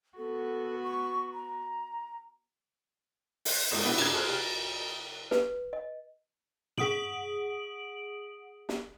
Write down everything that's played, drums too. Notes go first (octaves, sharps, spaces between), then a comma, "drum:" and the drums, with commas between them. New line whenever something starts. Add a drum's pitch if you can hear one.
B3 F#4 A4
C#6
A#5
drum: open hi-hat
G1 G#3 G#4 D#6 E7, drum: cymbal
B3 D4 E4 G4
F#1 F2 D4 G#4 F#6 G#6, drum: cymbal
G#4 A4 C5 F6 F#6
G4 G#4
B4, drum: snare
D#5
G#4 F#5 D#6 D7 F#7, drum: tom
drum: snare